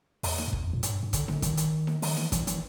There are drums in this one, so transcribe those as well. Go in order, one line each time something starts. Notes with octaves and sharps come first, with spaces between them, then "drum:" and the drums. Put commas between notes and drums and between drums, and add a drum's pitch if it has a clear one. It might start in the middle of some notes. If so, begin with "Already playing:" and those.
E2, drum: open hi-hat
drum: snare D#4
F2
E2, drum: kick
F2
A#2
G#2, drum: hi-hat
G2
G#2
D3, drum: kick, hi-hat
D3, drum: snare D#4
D#3, drum: kick, hi-hat
drum: hi-hat
drum: snare D#4
D#3, drum: open hi-hat
E3, drum: snare D#4
E3, drum: kick, hi-hat
E3, drum: hi-hat